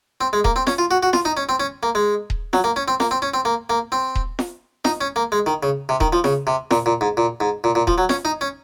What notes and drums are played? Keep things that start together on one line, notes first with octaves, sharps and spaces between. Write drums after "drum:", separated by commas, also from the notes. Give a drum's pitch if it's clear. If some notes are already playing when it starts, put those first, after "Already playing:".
C4
G#3
A#3, drum: kick D#1
C4
C#4, drum: snare F4
F4
F#4
F#4
F4, drum: snare F4
D#4
C#4
C4
C#4
A#3
G#3
drum: kick D#1
F#3, drum: snare F4
A#3
C#4
C4
A#3, drum: snare F4
C4
C#4
C4
A#3
A#3
C4
drum: kick D#1
drum: snare F4
D#4, drum: snare F4
C#4
A#3
G#3
D#3
C#3
C3
D#3, drum: kick D#1
F3
C#3, drum: snare F4
C3
A#2, drum: snare F4
A#2
G#2
A#2
G#2
A#2
A#2
F3, drum: kick D#1
F#3
C#4, drum: snare F4
D#4
C#4